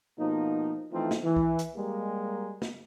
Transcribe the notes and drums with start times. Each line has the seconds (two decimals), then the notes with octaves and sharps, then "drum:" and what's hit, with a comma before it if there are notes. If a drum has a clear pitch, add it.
0.18 B2 F3 A#3 D#4
0.92 E3 F3 A3 C4 D#4 F4
1.11 drum: snare
1.24 E3
1.37 drum: kick C2
1.59 drum: hi-hat
1.76 G3 G#3 A#3
2.62 drum: snare